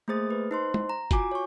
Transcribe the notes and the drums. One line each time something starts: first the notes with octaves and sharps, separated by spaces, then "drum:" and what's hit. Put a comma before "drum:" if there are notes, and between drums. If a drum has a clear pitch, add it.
A3 A#3 G#4 C5 D#6 A6
B4
D#4 C5 C6
drum: tom
A#5
F4 F#4 G#5 D6, drum: kick F#1, hi-hat
C#5 C#6